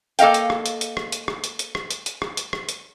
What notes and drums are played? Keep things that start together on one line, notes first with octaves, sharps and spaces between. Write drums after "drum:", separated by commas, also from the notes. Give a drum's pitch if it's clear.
A#3 A4 D#5 F5 G5, drum: hi-hat
drum: hi-hat
drum: rim click
drum: hi-hat
drum: hi-hat
drum: rim click
drum: hi-hat
drum: rim click
drum: hi-hat
drum: hi-hat
drum: rim click
drum: hi-hat
drum: hi-hat
drum: rim click
drum: hi-hat
drum: rim click
drum: hi-hat